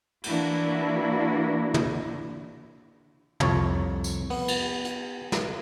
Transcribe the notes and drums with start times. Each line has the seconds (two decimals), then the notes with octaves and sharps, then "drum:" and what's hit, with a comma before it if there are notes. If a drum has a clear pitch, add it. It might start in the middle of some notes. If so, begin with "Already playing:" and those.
0.24 E3 A#3 D4 E4 F#4, drum: cymbal
1.74 drum: tom
3.40 C2 F2 C#5 A5, drum: tom
4.04 drum: tambourine
4.30 B3, drum: open hi-hat
4.48 drum: cymbal
4.85 drum: hi-hat
5.32 drum: snare